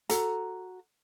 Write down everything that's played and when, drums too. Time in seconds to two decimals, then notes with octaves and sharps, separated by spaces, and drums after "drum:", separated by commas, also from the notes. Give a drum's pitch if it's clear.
0.09 F#4 A4 A#5, drum: hi-hat